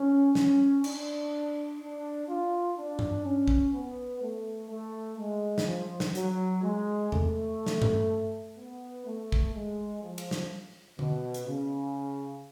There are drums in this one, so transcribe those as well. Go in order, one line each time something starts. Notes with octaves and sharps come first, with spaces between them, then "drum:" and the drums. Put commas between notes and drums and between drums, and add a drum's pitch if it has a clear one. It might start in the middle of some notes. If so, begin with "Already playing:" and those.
Already playing: C#4
C#4, drum: snare
D4, drum: cymbal
D4
F4
D4
drum: tom G2
C#4
drum: kick
B3
A3
A3
G#3
drum: snare
F3
drum: snare
F#3, drum: hi-hat
G#3
A3, drum: tom E2
drum: snare
drum: tom G2
B3
A3
drum: kick
G#3
F3
drum: cymbal
drum: snare
B2, drum: tom D3
drum: hi-hat
C#3